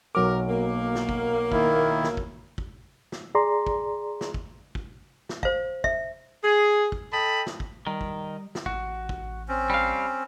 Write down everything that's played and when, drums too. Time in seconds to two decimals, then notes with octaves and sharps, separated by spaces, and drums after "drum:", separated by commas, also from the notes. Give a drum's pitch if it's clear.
0.15 B1 F#3 A#4 D6
0.48 A#3
0.95 drum: snare
1.09 drum: kick
1.52 D#3 E4, drum: kick
2.04 drum: snare
2.17 drum: kick
2.58 drum: kick
3.12 drum: snare
3.35 G#4 D5 A#5 C6
3.67 drum: kick
4.21 drum: snare
4.34 drum: kick
4.75 drum: kick
5.29 drum: snare
5.43 C5 F5, drum: kick
5.84 E5, drum: kick
6.43 G#4
6.92 drum: kick
7.12 A4 D#5 G5 A5 B5
7.46 drum: snare
7.60 drum: kick
7.87 D#3 G3
8.01 drum: kick
8.55 drum: snare
8.66 A1 F#4, drum: kick
9.09 drum: kick
9.49 C4 C#4
9.70 G3 F5